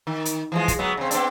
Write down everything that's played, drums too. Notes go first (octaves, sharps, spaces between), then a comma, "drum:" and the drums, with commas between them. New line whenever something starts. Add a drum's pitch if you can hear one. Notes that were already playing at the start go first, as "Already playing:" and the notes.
D#3
drum: hi-hat
E3 F3 G#3
drum: kick, hi-hat
F#3 G#3 B3
C#3 C4
B3 C4 D4, drum: hi-hat